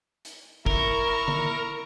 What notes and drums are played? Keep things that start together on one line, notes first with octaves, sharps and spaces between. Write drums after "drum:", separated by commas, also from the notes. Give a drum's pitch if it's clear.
drum: hi-hat
E4 A#4 C#6, drum: kick
drum: tom D3